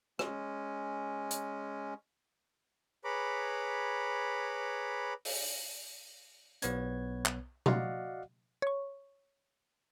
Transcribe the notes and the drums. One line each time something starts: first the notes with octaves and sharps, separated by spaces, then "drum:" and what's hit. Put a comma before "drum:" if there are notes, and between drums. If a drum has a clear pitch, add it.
G#3 C#4, drum: rim click
drum: hi-hat
G#4 B4 C#5 A#5 B5 D6
drum: open hi-hat
B1 B3 B4 C#5 G#6, drum: hi-hat
drum: clap
F#4 D5 D#5 F5 F#5, drum: tom B2
C#5 C#6